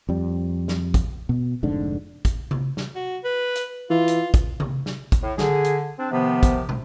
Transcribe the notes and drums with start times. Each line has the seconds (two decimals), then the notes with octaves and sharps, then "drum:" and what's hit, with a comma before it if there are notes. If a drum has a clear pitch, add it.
0.09 F2 G3
0.68 drum: snare
0.94 drum: kick, hi-hat
1.29 B2
1.63 F1 G#2 D3 D4
2.25 drum: kick, hi-hat
2.51 drum: tom C3
2.77 drum: snare
2.95 F#4
3.24 B4
3.55 drum: hi-hat
3.90 E3 F4
4.08 drum: hi-hat
4.34 drum: kick, hi-hat
4.60 drum: tom C3
4.86 drum: snare
5.12 drum: kick, hi-hat
5.23 A2
5.38 D3 G#4, drum: snare
5.64 drum: hi-hat
5.99 C4 D4
6.11 C3 D#3 F3 B3
6.43 drum: kick, hi-hat
6.69 drum: tom